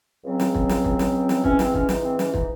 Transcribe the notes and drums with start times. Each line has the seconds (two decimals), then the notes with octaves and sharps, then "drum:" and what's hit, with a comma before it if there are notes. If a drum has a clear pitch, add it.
0.24 C#2 C#3 F#3 C4
0.40 drum: snare
0.54 drum: kick
0.69 drum: snare
0.84 drum: kick
0.99 drum: snare
1.29 drum: snare
1.44 G#2 E3 C4 C#4, drum: kick
1.59 C4, drum: snare
1.74 C#4, drum: kick
1.89 D#4, drum: snare
2.04 C4
2.19 C#4, drum: snare
2.34 D#4, drum: kick